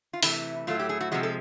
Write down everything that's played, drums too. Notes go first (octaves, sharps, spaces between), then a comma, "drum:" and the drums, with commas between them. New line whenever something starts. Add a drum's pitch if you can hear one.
F4
C3 E3 A3 E4, drum: open hi-hat
A2 F#3 A3 F4
G4
G#4
F#4
C3 F3 G#3 F#4
A4